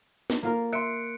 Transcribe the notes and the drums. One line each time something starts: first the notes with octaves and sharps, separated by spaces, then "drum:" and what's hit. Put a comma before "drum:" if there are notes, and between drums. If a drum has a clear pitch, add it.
drum: snare
A#3 F4 A#4
E5 C6 F#6 C#7 D7